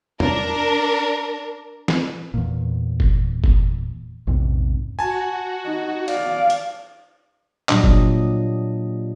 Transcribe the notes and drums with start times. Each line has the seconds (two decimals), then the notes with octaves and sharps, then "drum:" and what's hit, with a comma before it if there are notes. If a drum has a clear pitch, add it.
0.20 D4 A#4, drum: tom
1.88 drum: snare
2.34 E2 A#2
3.00 drum: kick F#1
3.44 drum: kick F#1
4.27 A#1 E2 G#2 C3
4.99 F#4 G#5 A5
5.66 D#4
6.08 D5 F5, drum: cymbal
6.50 drum: hi-hat
7.69 A#2 F#3 G3 D4 D#5, drum: clap
7.84 drum: kick F#1